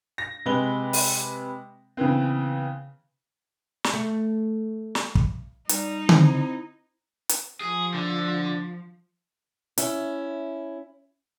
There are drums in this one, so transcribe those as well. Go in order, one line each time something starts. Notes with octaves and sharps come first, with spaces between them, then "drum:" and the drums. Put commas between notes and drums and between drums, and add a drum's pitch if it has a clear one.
A#6
C3 G#3 B4 G7
drum: open hi-hat
C#3 E3 B3 C4
drum: snare
A3
drum: snare
drum: kick
G3 D#4, drum: hi-hat
C4 E4, drum: tom D3
drum: hi-hat
F3 G#4
D3
C#4 E4, drum: hi-hat